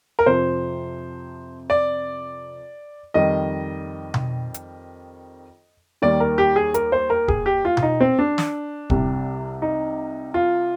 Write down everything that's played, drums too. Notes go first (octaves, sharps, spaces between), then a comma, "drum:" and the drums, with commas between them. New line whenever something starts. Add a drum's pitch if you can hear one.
A#4
F2 C3 F3 C5
D5
F2 D#3 G3 D#5
drum: tom B2
drum: hi-hat
D#2 D#3 G3 D5
A#4
G4
G#4
A#4, drum: hi-hat
C5
A#4
G#4, drum: kick
G4
F4
F4, drum: tom B2
D#4
C4
D4
drum: snare
C2 C3 G3, drum: kick
D#4
F4